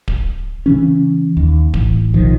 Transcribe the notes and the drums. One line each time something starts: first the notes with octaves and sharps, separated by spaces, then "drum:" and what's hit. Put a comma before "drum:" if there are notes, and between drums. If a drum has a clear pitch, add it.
drum: kick D1
C#3 E3 C#4
D#2
A1, drum: kick D1
B1 D#3 F3